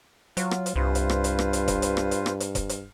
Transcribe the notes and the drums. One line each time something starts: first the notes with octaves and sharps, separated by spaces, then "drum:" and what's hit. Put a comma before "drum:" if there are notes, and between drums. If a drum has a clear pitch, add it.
F#3 F4, drum: hi-hat
drum: rim click
drum: hi-hat
C2 G2 F4 B4 C5
drum: hi-hat
drum: rim click
drum: hi-hat
drum: rim click
drum: hi-hat
drum: kick F1, hi-hat
drum: hi-hat
drum: rim click
drum: hi-hat
drum: rim click
drum: hi-hat
drum: kick F1, hi-hat
drum: hi-hat